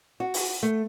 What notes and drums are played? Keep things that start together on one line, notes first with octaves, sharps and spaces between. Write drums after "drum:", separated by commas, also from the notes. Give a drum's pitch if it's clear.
F#4
drum: open hi-hat
A3